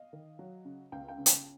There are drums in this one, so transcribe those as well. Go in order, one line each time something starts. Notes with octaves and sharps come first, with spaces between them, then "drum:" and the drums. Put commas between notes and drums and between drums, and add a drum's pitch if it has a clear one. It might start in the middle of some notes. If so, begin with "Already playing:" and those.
Already playing: D#5 F5
D#3
F#3
C#3
C#2 F5 G5
F5 G5
C#3
G5 A5, drum: hi-hat